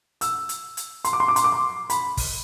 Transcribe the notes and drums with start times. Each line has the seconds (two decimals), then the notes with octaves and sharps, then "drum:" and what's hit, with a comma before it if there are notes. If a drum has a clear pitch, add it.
0.21 E6, drum: hi-hat
0.49 drum: hi-hat
0.77 drum: hi-hat
1.05 C6, drum: hi-hat
1.13 D6
1.20 C6
1.28 D6
1.36 C6, drum: hi-hat
1.44 D6
1.52 C6
1.90 B5, drum: hi-hat
2.17 drum: kick, open hi-hat